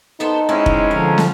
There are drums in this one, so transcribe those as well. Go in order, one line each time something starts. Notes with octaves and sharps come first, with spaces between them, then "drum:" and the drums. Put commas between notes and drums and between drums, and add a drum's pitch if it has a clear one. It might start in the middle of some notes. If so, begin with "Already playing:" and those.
B3 D#4 A4 C5
G#3 C4 C#4 E4
drum: kick F1
D3 F3 A#4
drum: snare